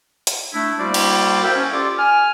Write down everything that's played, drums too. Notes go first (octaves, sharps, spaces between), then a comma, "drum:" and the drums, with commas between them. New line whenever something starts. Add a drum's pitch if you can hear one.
drum: hi-hat
A3 D4 E4
G3 A#3 E4 F#4 C5 D5
drum: cymbal
A#4 C5 E5 F5 G5
C#4
F4 G4 A4 D5 D6
G#5 F6